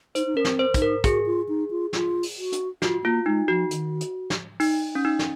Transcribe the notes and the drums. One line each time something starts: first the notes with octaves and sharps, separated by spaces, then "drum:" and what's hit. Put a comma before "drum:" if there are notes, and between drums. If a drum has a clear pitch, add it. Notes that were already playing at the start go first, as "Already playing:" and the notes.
D#4 C5, drum: hi-hat
D#4
C#4 A#4
C4, drum: snare
C5
D#4, drum: kick, hi-hat
A#4
F#4 G#4, drum: kick, hi-hat
F4
D#4
F4
F4, drum: snare
drum: open hi-hat
F#4
drum: hi-hat
F4 F#4, drum: snare
A#3 F4
G#3 D#4
F3 F#4
D#3, drum: hi-hat
drum: hi-hat
drum: snare
D#4, drum: open hi-hat
C#4
D#4
drum: snare